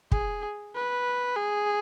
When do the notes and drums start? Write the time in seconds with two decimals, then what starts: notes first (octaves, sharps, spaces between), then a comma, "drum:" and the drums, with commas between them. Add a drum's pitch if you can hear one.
0.12 G#4, drum: kick
0.74 B4
1.36 G#4